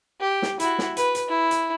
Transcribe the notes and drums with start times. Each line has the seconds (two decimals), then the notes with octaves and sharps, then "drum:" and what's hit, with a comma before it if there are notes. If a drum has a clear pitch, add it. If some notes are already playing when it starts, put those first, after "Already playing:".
0.21 G4
0.42 drum: snare
0.60 E4 F#4, drum: hi-hat
0.79 drum: snare
0.97 B4, drum: hi-hat
1.15 drum: hi-hat
1.28 E4
1.51 drum: hi-hat